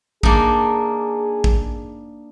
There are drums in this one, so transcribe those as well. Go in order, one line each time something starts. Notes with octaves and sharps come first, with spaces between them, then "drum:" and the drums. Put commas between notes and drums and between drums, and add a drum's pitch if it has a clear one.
A#3 D4 D#4 G#4, drum: kick
drum: kick